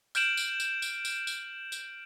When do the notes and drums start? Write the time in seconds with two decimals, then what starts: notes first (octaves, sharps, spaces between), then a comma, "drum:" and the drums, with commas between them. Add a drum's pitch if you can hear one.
0.15 F6 G6 D7 E7 F#7, drum: tambourine
0.37 drum: tambourine
0.60 drum: tambourine
0.82 drum: tambourine
1.05 drum: tambourine
1.27 drum: tambourine
1.72 drum: tambourine